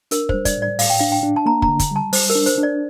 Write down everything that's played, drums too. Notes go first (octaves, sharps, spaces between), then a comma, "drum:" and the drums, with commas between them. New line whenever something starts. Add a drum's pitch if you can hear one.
D4 A#4, drum: hi-hat
G3 C5, drum: kick
D5, drum: kick, hi-hat
A2
D5
A2 F5, drum: open hi-hat
G5
D4 F5
G5
D4
A5
A#3 A#5
A#5, drum: kick
D3
drum: kick, hi-hat
G3 A5
G3 C5, drum: open hi-hat
A#4
D4
C5, drum: hi-hat
D4
D5